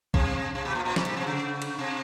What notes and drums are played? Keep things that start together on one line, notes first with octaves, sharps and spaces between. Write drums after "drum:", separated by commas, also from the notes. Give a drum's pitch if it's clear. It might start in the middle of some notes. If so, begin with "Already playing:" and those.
C3, drum: kick A#1
C3
B2
A#2
A#2
B2, drum: snare
B2
C3
C#3
drum: cymbal
C3